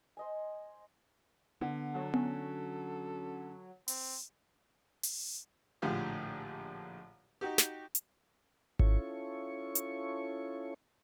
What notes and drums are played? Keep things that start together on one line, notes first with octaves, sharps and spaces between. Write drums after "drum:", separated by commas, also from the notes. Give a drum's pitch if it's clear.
C5 D#5 G#5
D3 B3
F#3 A4
F#3 C#4, drum: tom B3
C4, drum: open hi-hat
drum: open hi-hat
A#1 A2 D3 F4 G4 G#4
D#4 F#4 G4
drum: snare
drum: hi-hat
C#4 E4 F4 A4 C#5 C#6, drum: kick G#1
drum: hi-hat